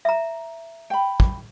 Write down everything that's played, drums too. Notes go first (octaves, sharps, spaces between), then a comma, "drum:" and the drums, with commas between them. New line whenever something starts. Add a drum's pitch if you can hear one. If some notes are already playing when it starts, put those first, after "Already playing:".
E5 A#5
G5 B5
drum: kick